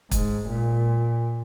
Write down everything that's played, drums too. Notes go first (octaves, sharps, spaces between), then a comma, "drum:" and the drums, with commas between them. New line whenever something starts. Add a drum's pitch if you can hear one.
G#2, drum: kick, hi-hat
A#2